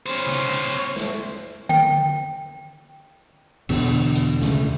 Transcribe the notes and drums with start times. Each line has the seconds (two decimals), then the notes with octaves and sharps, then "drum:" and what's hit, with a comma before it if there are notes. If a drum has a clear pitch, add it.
0.06 C#4 C5, drum: tambourine
0.27 drum: tom C3
0.96 drum: snare
1.69 G5, drum: tom D3
3.69 E2 B2 D3, drum: cymbal
4.15 drum: hi-hat
4.41 D2 C#3, drum: snare